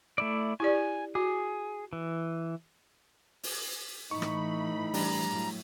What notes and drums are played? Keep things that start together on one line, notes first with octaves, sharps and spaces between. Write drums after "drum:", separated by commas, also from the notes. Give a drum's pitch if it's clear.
A3 E4 D5
E4 G4 D5 G#5
F#4 G#4
E3
drum: open hi-hat
A2 E3 D#4 B5 C#6
drum: rim click
G3 D4 A#5, drum: open hi-hat
A2 F#3